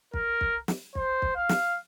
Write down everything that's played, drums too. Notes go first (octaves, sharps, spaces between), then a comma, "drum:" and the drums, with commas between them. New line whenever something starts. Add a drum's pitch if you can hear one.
A#4, drum: kick
drum: kick
drum: snare
C5, drum: kick
drum: kick
F5
drum: snare